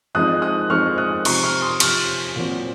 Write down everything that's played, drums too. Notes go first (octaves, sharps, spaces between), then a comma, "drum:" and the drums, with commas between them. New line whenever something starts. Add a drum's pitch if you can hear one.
F3 G#3 C4 D#4 D#6 F#6
D#6 F#6
F3 G#3 C4 D#4 C#6 F6
D#6 F#6
C3 F3 C4 A#5 C#6, drum: cymbal
C#6 F6
C6 D#6
C3 F3 C4 C#6 F6, drum: cymbal
A#2 F#3 C4